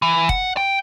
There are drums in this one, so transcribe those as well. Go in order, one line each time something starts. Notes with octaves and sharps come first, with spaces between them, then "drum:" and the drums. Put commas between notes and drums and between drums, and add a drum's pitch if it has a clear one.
E3
F#5, drum: kick F1
G5